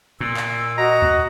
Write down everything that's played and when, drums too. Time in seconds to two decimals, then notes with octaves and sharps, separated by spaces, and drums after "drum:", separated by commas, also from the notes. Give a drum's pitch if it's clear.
0.20 A#2 E6
0.37 drum: clap
0.78 F#4 D#5 A#5
1.02 drum: kick D#2